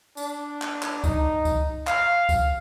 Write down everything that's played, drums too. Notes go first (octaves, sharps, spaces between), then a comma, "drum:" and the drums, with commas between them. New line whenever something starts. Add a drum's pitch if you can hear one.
D4, drum: tambourine
drum: clap
drum: clap
D#4, drum: kick C#2, tambourine
drum: kick C#2, tambourine
F5, drum: clap
drum: kick C#2, tambourine